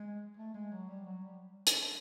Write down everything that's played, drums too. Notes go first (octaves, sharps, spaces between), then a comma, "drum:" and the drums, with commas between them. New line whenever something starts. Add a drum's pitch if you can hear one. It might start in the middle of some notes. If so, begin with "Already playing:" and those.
Already playing: G#3
A3
G#3
F#3
G3
F#3
G3
drum: hi-hat